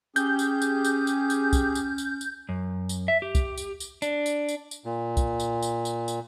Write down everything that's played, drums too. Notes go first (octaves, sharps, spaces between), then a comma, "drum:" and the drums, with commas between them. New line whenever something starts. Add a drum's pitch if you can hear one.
C#4 G4 G#4 G6, drum: tambourine
drum: tambourine
drum: tambourine
drum: tambourine
drum: tambourine
drum: tambourine
drum: kick B1, tambourine
drum: tambourine
drum: tambourine
drum: tambourine
F#2
drum: tambourine
E5
G4
drum: kick B1, tambourine
drum: tambourine
drum: tambourine
D4, drum: tambourine
drum: tambourine
drum: tambourine
drum: tambourine
A#2
drum: kick B1, tambourine
drum: tambourine
drum: tambourine
drum: tambourine
drum: tambourine